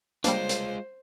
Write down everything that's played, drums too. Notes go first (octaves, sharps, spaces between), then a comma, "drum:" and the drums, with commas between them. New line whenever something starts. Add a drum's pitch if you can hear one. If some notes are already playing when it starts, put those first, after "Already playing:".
G3 G#3 A#3 D4 F4 C5, drum: hi-hat
drum: hi-hat